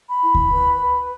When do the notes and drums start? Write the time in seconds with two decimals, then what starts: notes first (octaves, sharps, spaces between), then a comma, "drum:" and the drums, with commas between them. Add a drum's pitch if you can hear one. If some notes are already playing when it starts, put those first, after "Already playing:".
0.09 B5
0.23 E4
0.35 drum: kick D2
0.52 B4
0.81 B4